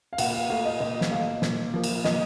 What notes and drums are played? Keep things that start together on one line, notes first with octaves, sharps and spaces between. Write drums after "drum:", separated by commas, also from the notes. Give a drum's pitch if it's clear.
F5
A#2 F#5, drum: cymbal
F#5
F5
A3 F5
D#5
A#2 D#5
drum: snare
A3 F5
A#2, drum: snare
F3 A#3
drum: cymbal
A#2 D#5, drum: snare